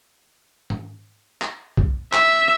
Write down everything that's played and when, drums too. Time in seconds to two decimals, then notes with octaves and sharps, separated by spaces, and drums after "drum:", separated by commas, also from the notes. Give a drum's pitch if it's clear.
0.70 drum: tom G#2
1.42 drum: clap
1.77 drum: kick
2.13 E5, drum: clap